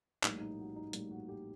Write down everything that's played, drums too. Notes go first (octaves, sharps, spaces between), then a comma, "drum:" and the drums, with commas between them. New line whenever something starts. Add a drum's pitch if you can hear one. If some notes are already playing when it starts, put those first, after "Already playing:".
A#1 A2 G3 A#3 D#4, drum: clap
D#4
F#4
D#4
A#1 A2 G3 A#3 D#4, drum: hi-hat
F#4
G4